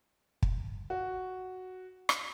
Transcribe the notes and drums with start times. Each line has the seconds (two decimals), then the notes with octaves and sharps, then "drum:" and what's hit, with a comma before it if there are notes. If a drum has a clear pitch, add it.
0.42 drum: kick
0.90 F#4
2.09 drum: rim click